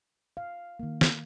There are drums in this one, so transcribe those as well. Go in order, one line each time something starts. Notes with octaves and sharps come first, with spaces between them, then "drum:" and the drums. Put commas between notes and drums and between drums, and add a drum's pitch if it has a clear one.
F5
D#3 A#3
drum: snare